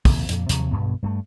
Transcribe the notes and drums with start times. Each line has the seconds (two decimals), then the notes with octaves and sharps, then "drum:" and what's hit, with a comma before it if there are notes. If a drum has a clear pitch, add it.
0.05 A#1 D#2 C3, drum: kick, open hi-hat
0.29 F2 A#2, drum: hi-hat
0.49 D#2 C3 F3 F#3, drum: hi-hat
0.71 B1 G2 B2 B3
1.03 G2 F#3 A3